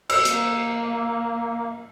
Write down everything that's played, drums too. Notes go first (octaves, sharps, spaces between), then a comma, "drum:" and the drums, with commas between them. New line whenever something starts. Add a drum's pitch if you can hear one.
E6, drum: cymbal
A#3, drum: hi-hat